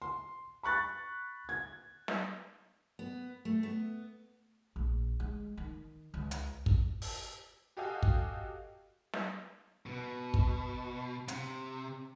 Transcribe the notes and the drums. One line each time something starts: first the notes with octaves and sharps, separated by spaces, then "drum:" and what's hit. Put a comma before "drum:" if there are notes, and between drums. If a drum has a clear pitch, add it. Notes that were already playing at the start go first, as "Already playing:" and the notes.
C6
B5 C#6 F#6 A6
G#6
drum: snare
B3
A3
B3
A#1
G#3
D#3
C#2
drum: hi-hat
drum: kick
drum: open hi-hat
F#4 G4 A4 D#5 F5 G#5
drum: kick
drum: snare
B2
drum: kick
C3, drum: hi-hat